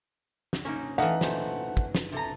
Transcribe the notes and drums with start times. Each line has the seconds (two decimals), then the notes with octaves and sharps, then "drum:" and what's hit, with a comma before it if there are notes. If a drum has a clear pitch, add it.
0.53 drum: snare
0.65 A#3 C#4 D#4
0.98 E3 A3 D#4 F5 F#5
1.21 A#2 A3 C5, drum: snare
1.77 drum: kick
1.95 drum: snare
2.12 C3 A4 A#5